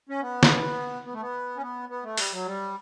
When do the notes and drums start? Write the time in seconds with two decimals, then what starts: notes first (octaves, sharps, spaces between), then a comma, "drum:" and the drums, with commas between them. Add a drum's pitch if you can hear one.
0.09 C#4
0.21 B3
0.43 drum: snare
1.05 B3
1.13 A3
1.21 B3
1.57 C#4
1.62 B3
1.89 B3
2.03 A3
2.18 G3, drum: open hi-hat
2.32 F#3
2.46 G3